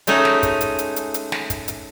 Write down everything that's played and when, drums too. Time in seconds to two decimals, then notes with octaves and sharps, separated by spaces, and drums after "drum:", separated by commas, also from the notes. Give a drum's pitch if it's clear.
0.07 G#3 A3 C#4 D#4 F#4, drum: hi-hat
0.25 drum: snare
0.43 drum: kick, hi-hat
0.61 drum: hi-hat
0.79 drum: hi-hat
0.96 drum: hi-hat
1.14 drum: hi-hat
1.32 drum: snare
1.50 drum: kick, hi-hat
1.68 drum: hi-hat